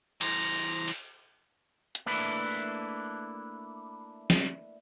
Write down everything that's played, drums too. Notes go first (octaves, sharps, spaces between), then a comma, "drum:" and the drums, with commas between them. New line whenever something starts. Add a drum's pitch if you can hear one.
E3 C5 A#5, drum: cymbal
drum: open hi-hat
drum: hi-hat
A3 A#3 D4 E4 B4
drum: snare